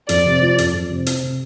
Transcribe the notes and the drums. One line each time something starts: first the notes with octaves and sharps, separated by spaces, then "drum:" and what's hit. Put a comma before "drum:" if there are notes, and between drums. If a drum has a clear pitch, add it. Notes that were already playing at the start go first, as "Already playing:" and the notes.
F2 D5, drum: hi-hat
C3
F3
F2, drum: hi-hat
F2
C3
C4, drum: hi-hat
C3